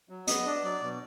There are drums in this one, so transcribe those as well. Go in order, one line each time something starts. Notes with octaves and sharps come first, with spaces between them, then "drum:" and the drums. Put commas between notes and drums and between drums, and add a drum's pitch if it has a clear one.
F#3
B3 D#5, drum: hi-hat
D4
F#3 D5
B2